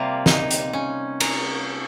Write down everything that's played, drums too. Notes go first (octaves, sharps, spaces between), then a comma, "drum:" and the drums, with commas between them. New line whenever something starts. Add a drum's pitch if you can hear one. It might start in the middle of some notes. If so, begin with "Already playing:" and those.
Already playing: C3 G3 A#3 F4
D#4, drum: snare
drum: hi-hat
C#4
A#4, drum: cymbal